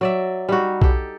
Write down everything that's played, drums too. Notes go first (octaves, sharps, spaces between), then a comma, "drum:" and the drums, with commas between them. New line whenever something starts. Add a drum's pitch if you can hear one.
F#3 D5 E5
G3 D#4 F#4
G4 A4, drum: kick B1